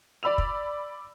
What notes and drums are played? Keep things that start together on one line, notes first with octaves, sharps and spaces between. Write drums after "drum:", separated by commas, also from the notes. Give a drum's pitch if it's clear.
D5 B5 E6 F7
drum: kick